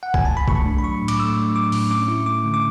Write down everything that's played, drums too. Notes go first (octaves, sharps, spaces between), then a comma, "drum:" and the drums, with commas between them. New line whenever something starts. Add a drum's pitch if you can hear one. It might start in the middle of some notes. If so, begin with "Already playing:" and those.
F#5
G#5, drum: kick A#1
A5
B5
A3 C#6, drum: kick A#1
D4
B5
F#3 C#6
A2
D6, drum: cymbal
A3 E6
D4
F#3 D6
A2, drum: open hi-hat
C#4 D6
E4
A3 D6
D3
D6